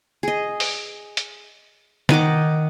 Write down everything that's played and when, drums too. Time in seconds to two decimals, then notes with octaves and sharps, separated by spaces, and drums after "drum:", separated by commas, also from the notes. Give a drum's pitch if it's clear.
0.23 G#4 D#5
0.60 drum: open hi-hat
1.17 drum: hi-hat
2.09 D#3 D#5 F#5 D6, drum: snare